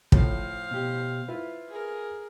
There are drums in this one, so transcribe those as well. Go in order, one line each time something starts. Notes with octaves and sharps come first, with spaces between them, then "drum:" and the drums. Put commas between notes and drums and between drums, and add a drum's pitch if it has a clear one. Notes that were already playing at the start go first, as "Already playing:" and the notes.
A2 F3 C5 F5, drum: kick
B2 G4
E4 F4 B4
G#4 A#4